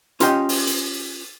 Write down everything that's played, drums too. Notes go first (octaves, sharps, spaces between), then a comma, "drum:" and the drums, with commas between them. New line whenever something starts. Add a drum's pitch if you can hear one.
C#4 F4 G4 D#5 G5, drum: hi-hat
drum: open hi-hat
drum: hi-hat